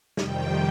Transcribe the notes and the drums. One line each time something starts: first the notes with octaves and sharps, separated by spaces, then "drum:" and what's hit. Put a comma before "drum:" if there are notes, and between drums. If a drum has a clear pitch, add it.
F2 C3 D#3 G3 G5, drum: snare